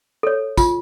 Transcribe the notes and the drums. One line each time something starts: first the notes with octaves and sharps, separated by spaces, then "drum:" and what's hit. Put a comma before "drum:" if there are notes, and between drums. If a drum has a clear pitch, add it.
A4 C#5
F4, drum: kick, tambourine